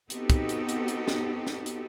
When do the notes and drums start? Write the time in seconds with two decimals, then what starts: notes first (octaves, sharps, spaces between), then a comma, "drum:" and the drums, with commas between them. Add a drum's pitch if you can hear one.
0.10 B3 C4 D#4 F#4 G4 A4, drum: hi-hat
0.30 drum: kick, hi-hat
0.49 drum: hi-hat
0.69 drum: hi-hat
0.88 drum: hi-hat
1.08 drum: snare
1.47 drum: snare
1.66 drum: hi-hat